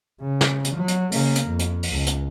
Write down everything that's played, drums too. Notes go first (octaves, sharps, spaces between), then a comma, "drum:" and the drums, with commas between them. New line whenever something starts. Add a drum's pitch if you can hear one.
C#3
drum: snare
drum: hi-hat
F#3
drum: hi-hat
C#3 A#3, drum: open hi-hat
drum: hi-hat
F2
drum: hi-hat
drum: open hi-hat
C#2
drum: hi-hat